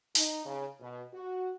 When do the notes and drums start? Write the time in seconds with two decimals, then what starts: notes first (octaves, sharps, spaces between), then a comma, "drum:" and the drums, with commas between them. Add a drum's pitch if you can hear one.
0.15 D#4, drum: open hi-hat
0.46 C#3
0.79 B2
1.13 F#4